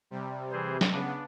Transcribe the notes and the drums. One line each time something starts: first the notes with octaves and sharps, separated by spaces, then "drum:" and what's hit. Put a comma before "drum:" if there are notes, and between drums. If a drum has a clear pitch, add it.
C3 G3
E3 G#4 C5
drum: snare
C#3 B3 D4